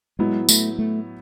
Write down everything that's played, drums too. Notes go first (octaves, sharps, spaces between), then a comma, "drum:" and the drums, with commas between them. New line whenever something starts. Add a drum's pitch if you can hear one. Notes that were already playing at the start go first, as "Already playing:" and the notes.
A2 F#3 G#3 B3 E4
A3, drum: tambourine
A3